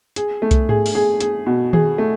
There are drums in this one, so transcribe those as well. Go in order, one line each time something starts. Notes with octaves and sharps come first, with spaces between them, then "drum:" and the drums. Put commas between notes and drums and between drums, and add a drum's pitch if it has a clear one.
G#4, drum: hi-hat
A3
drum: kick C2, hi-hat
G#4, drum: tom G#2
drum: open hi-hat
G#4
G#4, drum: hi-hat
B2
G#4, drum: tom D#3
A3